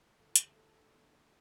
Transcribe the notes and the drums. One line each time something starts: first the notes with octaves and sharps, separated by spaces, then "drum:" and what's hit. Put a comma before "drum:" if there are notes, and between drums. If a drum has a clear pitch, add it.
D3 A4
E4
D3, drum: hi-hat
G4
A3 A4
D3 G4
D4
D3
B3
D3 D4
A3